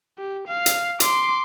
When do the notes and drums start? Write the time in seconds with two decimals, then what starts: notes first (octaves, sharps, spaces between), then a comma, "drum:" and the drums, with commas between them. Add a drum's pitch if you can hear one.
0.18 G4
0.48 F5
0.66 drum: hi-hat
1.00 C6 D6, drum: hi-hat